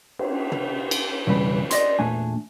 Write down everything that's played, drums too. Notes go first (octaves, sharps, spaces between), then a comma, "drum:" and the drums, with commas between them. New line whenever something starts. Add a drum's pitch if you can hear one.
drum: cymbal
drum: tom
drum: cymbal
B1 F2 C#3 E3 G3 B4
D5 D#5 C6, drum: hi-hat
E2 A#2 A3 D4 G#5